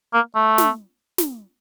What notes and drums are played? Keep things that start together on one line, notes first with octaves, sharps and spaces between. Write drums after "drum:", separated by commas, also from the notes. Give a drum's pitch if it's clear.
A#3
A3
drum: snare
drum: snare